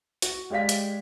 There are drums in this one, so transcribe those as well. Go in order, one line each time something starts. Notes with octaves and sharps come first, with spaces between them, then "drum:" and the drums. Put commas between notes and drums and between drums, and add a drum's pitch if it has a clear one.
F#4, drum: hi-hat
G#3 G4 D5 F5 B6
drum: hi-hat